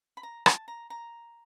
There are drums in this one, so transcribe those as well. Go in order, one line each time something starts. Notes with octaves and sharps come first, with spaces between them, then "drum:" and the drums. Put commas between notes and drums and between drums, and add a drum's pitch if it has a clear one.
B5
A#5
A5, drum: rim click
A#5
A#5